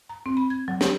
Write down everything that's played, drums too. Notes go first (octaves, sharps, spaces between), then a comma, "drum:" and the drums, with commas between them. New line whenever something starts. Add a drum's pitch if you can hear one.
A#5
C4
B5
G#6
F#3
G4, drum: snare